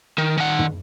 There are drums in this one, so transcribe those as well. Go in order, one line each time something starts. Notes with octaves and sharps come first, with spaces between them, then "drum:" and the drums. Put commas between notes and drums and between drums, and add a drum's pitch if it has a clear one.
D#3
D#3 F#5
drum: tom